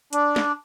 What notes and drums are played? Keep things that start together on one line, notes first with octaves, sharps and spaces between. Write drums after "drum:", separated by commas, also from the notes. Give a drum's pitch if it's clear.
D4, drum: hi-hat
drum: snare